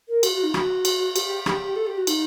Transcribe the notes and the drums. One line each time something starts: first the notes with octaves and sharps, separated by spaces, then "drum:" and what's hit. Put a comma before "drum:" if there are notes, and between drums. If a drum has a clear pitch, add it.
A#4
F#4, drum: cymbal
F#4
D#4
F#4, drum: rim click
drum: cymbal
G4, drum: cymbal
drum: rim click
A4
G4
F#4
D#4, drum: cymbal